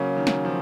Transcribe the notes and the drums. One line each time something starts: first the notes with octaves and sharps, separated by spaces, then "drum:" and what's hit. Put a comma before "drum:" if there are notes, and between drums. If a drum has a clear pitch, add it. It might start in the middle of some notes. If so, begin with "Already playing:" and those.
Already playing: C#3 F#3 A#3 C#4
D#3
drum: snare
F3